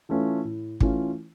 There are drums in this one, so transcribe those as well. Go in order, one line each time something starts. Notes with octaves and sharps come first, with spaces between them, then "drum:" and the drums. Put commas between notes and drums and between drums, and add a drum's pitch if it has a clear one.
E3 A3 C#4 F4
A2
E3 A3 C#4 F4, drum: kick